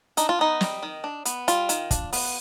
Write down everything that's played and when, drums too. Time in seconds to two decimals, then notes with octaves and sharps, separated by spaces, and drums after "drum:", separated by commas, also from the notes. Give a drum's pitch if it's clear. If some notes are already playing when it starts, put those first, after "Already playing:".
0.17 D4 D#4, drum: hi-hat
0.29 F4
0.39 B3 D#4
0.61 G3, drum: snare
0.83 D#3
1.04 D4
1.25 B3, drum: hi-hat
1.48 G3 F4, drum: hi-hat
1.69 D#3, drum: hi-hat
1.91 D4, drum: kick, hi-hat
2.13 B3, drum: open hi-hat